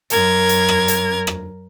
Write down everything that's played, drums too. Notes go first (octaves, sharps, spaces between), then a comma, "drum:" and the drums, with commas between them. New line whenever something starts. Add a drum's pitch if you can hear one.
F#2 A#4 G#6, drum: hi-hat
drum: hi-hat
drum: rim click
drum: hi-hat
drum: rim click